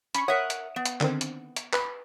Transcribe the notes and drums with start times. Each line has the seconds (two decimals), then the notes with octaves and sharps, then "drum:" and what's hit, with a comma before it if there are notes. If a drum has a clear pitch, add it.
0.15 C#4 B5 C#6, drum: hi-hat
0.28 A#4 C#5 E5 F#5 D#6
0.50 drum: hi-hat
0.76 B3
0.85 drum: hi-hat
1.01 D3 D#3 C4, drum: clap
1.21 drum: hi-hat
1.56 drum: hi-hat
1.73 B4, drum: clap